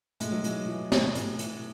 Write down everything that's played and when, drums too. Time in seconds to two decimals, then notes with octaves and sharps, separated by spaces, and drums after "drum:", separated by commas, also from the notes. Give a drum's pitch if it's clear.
0.20 A2 G#3, drum: hi-hat
0.32 F#3
0.44 E3 G#3, drum: hi-hat
0.67 E3
0.92 A2, drum: snare
1.15 A2, drum: hi-hat
1.39 E3, drum: hi-hat